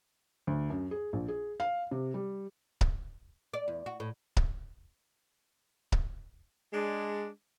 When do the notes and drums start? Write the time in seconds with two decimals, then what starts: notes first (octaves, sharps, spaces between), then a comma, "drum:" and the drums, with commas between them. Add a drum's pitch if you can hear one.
0.47 D2
0.70 F#2
0.91 G#4
1.13 A#1
1.28 G#4
1.60 F5
1.91 C3
2.14 G3
2.81 drum: kick C#1
3.54 D5
3.68 E2
3.86 F#4
4.00 A2
4.37 drum: kick C#1
5.92 drum: kick C#1
6.73 G#3 D4